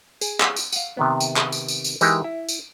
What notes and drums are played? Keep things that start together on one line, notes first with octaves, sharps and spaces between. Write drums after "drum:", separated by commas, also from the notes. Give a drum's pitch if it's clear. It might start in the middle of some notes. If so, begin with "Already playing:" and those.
G#4, drum: tambourine
drum: clap
drum: tambourine
F5 F#5, drum: tambourine
C3 D#3 B3
drum: tambourine
drum: clap
drum: tambourine
drum: tambourine
drum: tambourine
E3 G#3 D#4 G4 A#4 E5, drum: tambourine
E4
drum: tambourine